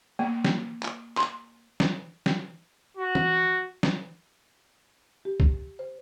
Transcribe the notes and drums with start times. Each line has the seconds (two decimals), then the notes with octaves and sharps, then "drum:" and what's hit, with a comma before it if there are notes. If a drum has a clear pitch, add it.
0.19 A#3
0.45 drum: snare
0.83 drum: clap
1.18 C6, drum: clap
1.80 drum: snare
2.26 drum: snare
2.97 F#4
3.15 drum: tom E3
3.83 drum: snare
5.25 G4
5.40 drum: kick C2
5.79 C5